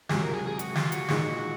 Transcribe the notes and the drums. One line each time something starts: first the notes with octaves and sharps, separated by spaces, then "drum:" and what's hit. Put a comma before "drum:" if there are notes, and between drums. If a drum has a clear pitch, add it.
C#2 C3 F#3 G#4, drum: snare
A#4
G#4
G#4
F#4, drum: hi-hat
F4, drum: snare
F#4, drum: hi-hat
A#2 G#3 D#4, drum: snare